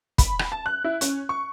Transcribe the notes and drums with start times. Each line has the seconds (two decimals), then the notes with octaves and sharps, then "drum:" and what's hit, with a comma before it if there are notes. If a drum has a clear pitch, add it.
0.18 B5, drum: kick, hi-hat
0.39 drum: rim click
0.52 A5
0.66 F#6
0.84 E4
1.01 C#4, drum: hi-hat
1.29 C#6